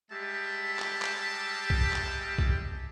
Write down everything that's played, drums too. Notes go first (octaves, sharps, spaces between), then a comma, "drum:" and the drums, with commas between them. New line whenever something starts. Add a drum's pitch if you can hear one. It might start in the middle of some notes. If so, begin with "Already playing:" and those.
G3 G#3 G4 E5 A5
drum: clap
drum: clap
drum: kick B1
drum: clap
drum: kick B1